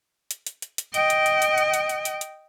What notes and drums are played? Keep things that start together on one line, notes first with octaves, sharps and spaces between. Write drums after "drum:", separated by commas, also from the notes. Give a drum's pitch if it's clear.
drum: hi-hat
drum: hi-hat
drum: hi-hat
drum: hi-hat
D#5 G5, drum: hi-hat
drum: hi-hat
drum: hi-hat
drum: hi-hat
drum: hi-hat
drum: hi-hat
drum: hi-hat
drum: hi-hat
drum: hi-hat